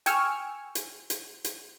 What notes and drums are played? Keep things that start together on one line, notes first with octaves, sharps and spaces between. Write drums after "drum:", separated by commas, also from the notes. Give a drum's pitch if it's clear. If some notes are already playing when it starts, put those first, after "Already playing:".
G5 G#5 C#6 E6 F6, drum: hi-hat
drum: hi-hat
drum: hi-hat
drum: hi-hat